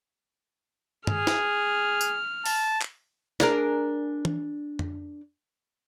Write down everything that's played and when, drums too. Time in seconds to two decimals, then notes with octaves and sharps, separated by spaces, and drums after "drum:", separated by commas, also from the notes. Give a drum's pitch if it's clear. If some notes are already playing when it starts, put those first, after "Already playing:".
1.07 G#4 F6, drum: tom G2
1.27 drum: snare
2.01 drum: tambourine
2.46 A5, drum: open hi-hat
2.82 drum: clap
3.40 D4 G#4 A#4, drum: snare
4.25 drum: tom E3
4.79 drum: tom F2